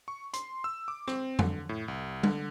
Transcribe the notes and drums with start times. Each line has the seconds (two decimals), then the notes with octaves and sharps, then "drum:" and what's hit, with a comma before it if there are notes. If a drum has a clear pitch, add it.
0.08 C#6
0.34 C6, drum: hi-hat
0.64 E6
0.88 D6
1.08 C4, drum: rim click
1.39 D3, drum: tom F2
1.69 A2
1.88 C2
2.23 D3, drum: tom G3